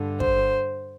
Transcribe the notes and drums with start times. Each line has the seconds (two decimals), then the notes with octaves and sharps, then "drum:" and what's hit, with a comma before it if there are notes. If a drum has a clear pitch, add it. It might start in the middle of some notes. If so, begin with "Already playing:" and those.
Already playing: G2 D3
0.20 C5, drum: kick